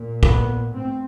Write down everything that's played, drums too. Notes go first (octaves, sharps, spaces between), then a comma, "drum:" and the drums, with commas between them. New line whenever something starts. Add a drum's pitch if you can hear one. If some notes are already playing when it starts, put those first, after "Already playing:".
Already playing: A#2
B3, drum: kick
A2 C4